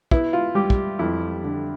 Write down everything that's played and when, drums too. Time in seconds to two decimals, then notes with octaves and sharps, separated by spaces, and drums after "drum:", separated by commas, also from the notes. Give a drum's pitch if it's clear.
0.11 B3 E4, drum: kick
0.33 F4
0.55 G3 G4
0.70 drum: kick
0.99 F2 E4
1.44 D3